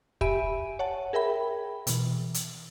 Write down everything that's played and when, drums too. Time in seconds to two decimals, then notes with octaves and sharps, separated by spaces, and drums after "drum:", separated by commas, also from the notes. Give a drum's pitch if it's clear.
0.21 G4 E5 G#5 B5 D7 D#7, drum: kick
0.79 C#5 F#5 A5
1.13 G#4 A#4 E5 G5 B5
1.87 B2 E3, drum: hi-hat
2.34 drum: hi-hat